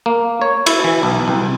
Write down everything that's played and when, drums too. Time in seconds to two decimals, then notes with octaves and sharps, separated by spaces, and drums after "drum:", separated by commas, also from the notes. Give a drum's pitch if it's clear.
0.06 A#3
0.42 C#5
0.66 E4, drum: cymbal
0.84 E3
1.03 B1
1.28 C2